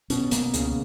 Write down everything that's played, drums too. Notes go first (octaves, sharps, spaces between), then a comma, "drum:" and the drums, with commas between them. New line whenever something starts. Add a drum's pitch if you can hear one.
B2 C#4, drum: hi-hat
B2
B2 A#3, drum: hi-hat
C#2 C#3, drum: hi-hat